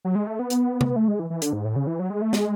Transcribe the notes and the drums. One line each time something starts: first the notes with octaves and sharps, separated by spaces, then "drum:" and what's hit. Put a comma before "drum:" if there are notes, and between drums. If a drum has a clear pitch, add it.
F#3
G#3
A3
B3
drum: hi-hat
drum: tom C3
A3
G#3
E3
E3
D3, drum: hi-hat
G#2
A2
C#3
E3
F#3
G#3
A3
G#3, drum: snare